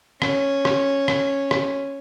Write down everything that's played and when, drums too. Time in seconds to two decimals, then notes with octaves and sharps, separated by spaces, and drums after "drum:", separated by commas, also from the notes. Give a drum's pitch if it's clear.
0.22 C#4, drum: rim click
0.65 drum: rim click
1.08 drum: rim click
1.51 drum: rim click